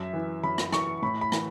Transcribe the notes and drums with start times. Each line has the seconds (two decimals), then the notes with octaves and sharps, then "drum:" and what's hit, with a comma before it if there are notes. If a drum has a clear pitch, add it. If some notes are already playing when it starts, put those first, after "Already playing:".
Already playing: F#2 E5
0.13 E3
0.44 F#2 B5
0.58 drum: rim click
0.73 E3 C#6, drum: rim click
1.02 A2 B5
1.21 B5
1.32 E3, drum: rim click